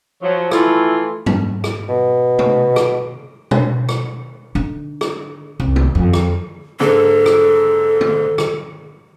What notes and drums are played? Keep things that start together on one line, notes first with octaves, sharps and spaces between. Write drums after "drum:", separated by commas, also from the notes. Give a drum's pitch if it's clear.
F3 F#3
E3 A3 E4 F4, drum: rim click
drum: tom
drum: rim click
B2
drum: tom
drum: rim click
drum: tom
drum: rim click
D3 D#4
drum: rim click
C2
drum: tom
F2
drum: rim click
G#2 D3 A#3 A4
drum: rim click
drum: tom
drum: rim click